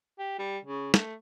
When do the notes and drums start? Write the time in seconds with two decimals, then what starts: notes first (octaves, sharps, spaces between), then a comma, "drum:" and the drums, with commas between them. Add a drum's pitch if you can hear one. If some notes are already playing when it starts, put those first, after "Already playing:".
0.19 G4
0.39 G3
0.65 C#3
0.94 A3, drum: snare